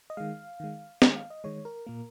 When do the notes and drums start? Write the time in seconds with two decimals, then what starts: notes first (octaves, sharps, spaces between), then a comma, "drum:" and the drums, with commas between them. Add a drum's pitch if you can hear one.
0.10 D#5
0.17 D#3 G#3 F5
0.60 D#3 G#3
1.02 D#3 G#3 D#5, drum: snare
1.16 F5
1.30 D#5
1.44 D#3 G#3 C#5
1.65 A#4
1.87 A#2 A#3